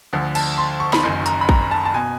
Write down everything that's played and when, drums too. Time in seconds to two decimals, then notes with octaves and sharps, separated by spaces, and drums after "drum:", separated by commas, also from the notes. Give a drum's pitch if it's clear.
0.13 D2 D3 F3
0.35 A5, drum: cymbal
0.58 C6
0.80 C#6
0.93 B5, drum: snare
1.03 F#1 F#2 D#3 C6
1.26 A#5, drum: hi-hat
1.41 B5
1.49 A#5, drum: kick
1.71 A5
1.85 A5
1.94 B2 G#5